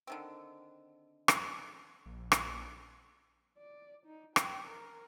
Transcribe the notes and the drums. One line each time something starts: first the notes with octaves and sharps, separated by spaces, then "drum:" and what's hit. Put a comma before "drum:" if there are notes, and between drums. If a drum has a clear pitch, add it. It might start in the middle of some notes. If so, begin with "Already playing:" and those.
D3 D#3 C4
drum: rim click
A#1
drum: rim click
D5
D#4
G5, drum: rim click
A#4